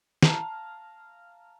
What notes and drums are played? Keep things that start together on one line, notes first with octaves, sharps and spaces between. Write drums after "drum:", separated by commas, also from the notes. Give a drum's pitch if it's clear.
F5 A5 A#5, drum: snare